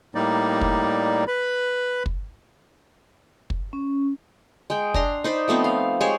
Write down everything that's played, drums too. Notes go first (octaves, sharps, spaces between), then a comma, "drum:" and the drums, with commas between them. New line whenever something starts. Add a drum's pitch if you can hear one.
A2 G3 A#3 D#4 D5
drum: kick
B4 B5
drum: kick
drum: kick
C#4
G#3 G5
D4 A#5 C6, drum: kick
D#4 C5 D5 B5
F3 A3 B3 C4
F5
G#3 G4 C5 C#5